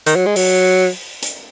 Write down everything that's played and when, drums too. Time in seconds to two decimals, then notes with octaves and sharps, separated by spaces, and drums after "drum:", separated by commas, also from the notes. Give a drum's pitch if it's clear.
0.06 D#3, drum: hi-hat
0.16 F#3
0.26 G#3
0.36 F#3, drum: open hi-hat
1.23 drum: hi-hat